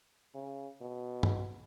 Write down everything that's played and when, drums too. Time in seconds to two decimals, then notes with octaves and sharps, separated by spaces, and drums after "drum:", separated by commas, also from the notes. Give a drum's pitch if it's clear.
0.34 C#3
0.81 B2
1.23 drum: tom